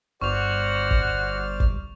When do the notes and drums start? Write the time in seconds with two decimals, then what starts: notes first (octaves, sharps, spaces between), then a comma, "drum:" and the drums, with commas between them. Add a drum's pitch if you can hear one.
0.21 G1 F#4 C5 D5 C#6 F6 F7
0.91 drum: kick
1.60 drum: kick